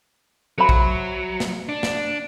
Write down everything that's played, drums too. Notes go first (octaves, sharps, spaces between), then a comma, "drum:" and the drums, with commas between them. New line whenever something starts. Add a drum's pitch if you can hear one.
F#3 C5 E5 B5
drum: kick
drum: snare
D4
drum: snare